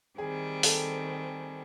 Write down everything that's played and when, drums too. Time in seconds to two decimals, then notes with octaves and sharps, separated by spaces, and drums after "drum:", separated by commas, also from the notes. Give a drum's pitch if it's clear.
0.18 D#3 G3 C4 G#4
0.63 A4, drum: open hi-hat